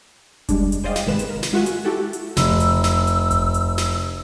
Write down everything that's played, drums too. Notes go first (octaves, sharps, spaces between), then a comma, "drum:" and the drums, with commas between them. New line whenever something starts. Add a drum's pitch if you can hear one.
G3 G#3 D4, drum: kick F1, hi-hat
drum: hi-hat
G#4 C5 D5 D#5 F5 G5
drum: snare
G#1 C3 D#3 G#3 B4 E7
drum: hi-hat
A#4
drum: snare
G#3 F4 F#4 E5 F#5 G#5
drum: hi-hat
E4 F#4 G4 A4
drum: hi-hat
F1 E6, drum: snare
drum: hi-hat
drum: snare
drum: hi-hat
drum: kick F1, hi-hat
drum: hi-hat
drum: snare